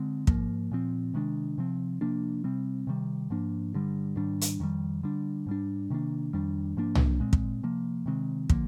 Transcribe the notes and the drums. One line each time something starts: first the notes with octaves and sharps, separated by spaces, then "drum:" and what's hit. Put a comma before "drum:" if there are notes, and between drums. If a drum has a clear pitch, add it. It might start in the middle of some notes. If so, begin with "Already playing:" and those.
Already playing: D3 G#3 C4
G#2 F3 A#3, drum: kick
A#2 F3 C4
C3 D#3 G#3 D4
C3 F3 C4
C3 F3 A#3 D4
C3 G3 C4
C3 D#3 G3
G#2 F3 A#3 D4
G2 D3 G3
G#2 D#3 G3 D4
drum: hi-hat
F2 D#3 G3
D3 G3 D4
G#2 G3 D4
C3 D#3 A#3 D4
F2 D#3 G3 D4
G#2 F3 A#3 D4
drum: tom C2
A#2 G#3 C4
drum: kick
C3 F3 A#3
C3 D#3 G#3 C4
D3 F3 A#3, drum: kick